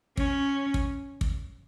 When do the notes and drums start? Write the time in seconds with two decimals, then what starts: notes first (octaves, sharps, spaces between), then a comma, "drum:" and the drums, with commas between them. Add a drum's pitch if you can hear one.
0.17 C#4, drum: kick
0.74 drum: kick
1.21 drum: kick